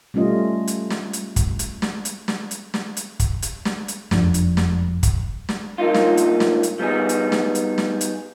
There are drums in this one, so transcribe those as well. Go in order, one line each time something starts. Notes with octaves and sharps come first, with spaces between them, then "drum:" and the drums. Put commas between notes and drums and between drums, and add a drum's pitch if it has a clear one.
G3 A3 C#4 F4 D#5
drum: hi-hat
drum: snare
drum: hi-hat
drum: kick, hi-hat
drum: hi-hat
drum: snare
drum: hi-hat
drum: snare
drum: hi-hat
drum: snare
drum: hi-hat
drum: kick, hi-hat
drum: hi-hat
drum: snare
drum: hi-hat
F#1 F2 D4, drum: snare
drum: hi-hat
drum: snare
drum: kick, hi-hat
drum: snare
G2 A#2 A#3 D#4 F4
drum: snare
drum: hi-hat
drum: snare
drum: hi-hat
G3 B3 D#4 G#4
drum: hi-hat
drum: snare
drum: hi-hat
drum: snare
drum: hi-hat